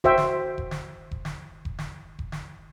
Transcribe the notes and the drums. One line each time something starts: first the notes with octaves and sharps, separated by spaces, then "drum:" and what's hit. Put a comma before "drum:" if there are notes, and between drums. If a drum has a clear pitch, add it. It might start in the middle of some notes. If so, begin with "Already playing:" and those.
F#4 C5 E5 G5, drum: kick F1
drum: snare
drum: kick F1
drum: snare
drum: kick F1
drum: snare
drum: kick F1
drum: snare
drum: kick F1
drum: snare